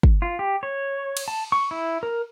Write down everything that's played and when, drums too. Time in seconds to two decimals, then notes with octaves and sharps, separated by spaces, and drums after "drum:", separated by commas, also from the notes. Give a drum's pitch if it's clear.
0.03 drum: kick
0.22 F4
0.39 G4
0.63 C#5
1.17 drum: cymbal
1.28 A5
1.52 C#6
1.71 E4
2.03 A#4